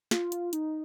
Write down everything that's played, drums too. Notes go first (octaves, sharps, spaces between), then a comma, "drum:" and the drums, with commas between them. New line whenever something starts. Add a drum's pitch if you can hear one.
F4, drum: snare
drum: hi-hat
D#4, drum: hi-hat